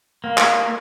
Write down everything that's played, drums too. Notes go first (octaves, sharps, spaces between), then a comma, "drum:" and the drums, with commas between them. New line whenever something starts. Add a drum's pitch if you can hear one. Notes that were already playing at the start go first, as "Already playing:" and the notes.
A#3
drum: clap